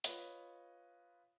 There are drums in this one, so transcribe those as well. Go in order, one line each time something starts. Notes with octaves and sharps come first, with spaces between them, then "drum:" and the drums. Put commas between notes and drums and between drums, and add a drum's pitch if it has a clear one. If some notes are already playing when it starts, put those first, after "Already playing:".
F4 B4 C#5 D#5, drum: hi-hat